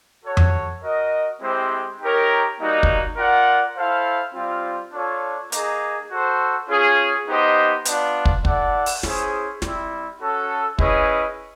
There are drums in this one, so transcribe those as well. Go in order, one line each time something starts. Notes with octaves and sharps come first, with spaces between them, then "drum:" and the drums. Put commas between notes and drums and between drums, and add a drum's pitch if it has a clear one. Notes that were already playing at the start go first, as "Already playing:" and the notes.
F#4 A4 C#5
drum: tom F2
F#4 A#4 D#5
G#3 C4 E4 G4 C5
D#4 G4 A#4 C#5
G3 A#3 D#4 F#4
drum: kick
F4 A#4 D5 F#5
E4 A4 C5 F5
G3 C4 F4
D4 F4 A4 C#5
A#3 D#4 G#4, drum: hi-hat
F#4 A4 C5
C#4 F4 G#4
B3 D#4 G4 C5 D#5
B3 D4 F4, drum: hi-hat
drum: kick
E4 A4 D5 F#5, drum: kick
drum: open hi-hat
C#4 E4 G#4 C5, drum: snare
G3 C4 E4, drum: snare
C#4 F#4 A4
C#4 E4 G#4 B4 D#5, drum: kick